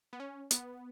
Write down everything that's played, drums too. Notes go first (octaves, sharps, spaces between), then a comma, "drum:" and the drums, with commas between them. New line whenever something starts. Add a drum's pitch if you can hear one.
B3
C#4
B3, drum: hi-hat